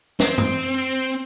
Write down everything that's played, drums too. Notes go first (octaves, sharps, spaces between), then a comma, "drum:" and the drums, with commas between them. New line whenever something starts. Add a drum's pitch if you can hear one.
C4, drum: snare
drum: tom F#2